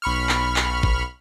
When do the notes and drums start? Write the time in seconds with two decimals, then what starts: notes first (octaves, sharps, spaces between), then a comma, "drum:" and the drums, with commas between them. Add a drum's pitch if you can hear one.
0.02 B1 B5 C#6 F6
0.29 drum: clap
0.56 drum: clap
0.83 drum: kick G#1